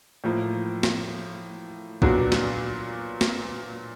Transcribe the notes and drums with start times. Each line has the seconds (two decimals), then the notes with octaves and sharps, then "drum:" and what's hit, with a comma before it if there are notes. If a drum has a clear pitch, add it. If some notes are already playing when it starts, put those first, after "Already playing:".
0.24 A2 F3 A#3
0.83 drum: snare
2.02 A#2 F#3 B3 D4 F#4, drum: kick
2.32 drum: snare
3.21 drum: snare